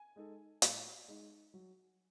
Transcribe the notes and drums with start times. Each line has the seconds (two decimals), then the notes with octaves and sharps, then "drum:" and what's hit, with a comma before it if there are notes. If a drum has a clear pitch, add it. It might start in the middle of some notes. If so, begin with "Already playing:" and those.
Already playing: G#5
0.16 G#3 D#4 A4
0.62 A2, drum: hi-hat
1.08 G#3 D#4
1.54 F#3